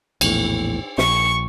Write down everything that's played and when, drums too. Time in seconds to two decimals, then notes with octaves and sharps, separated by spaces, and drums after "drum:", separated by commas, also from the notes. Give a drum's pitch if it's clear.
0.21 A#1 E2 A2, drum: cymbal
0.98 A#1 C#6 C#7, drum: snare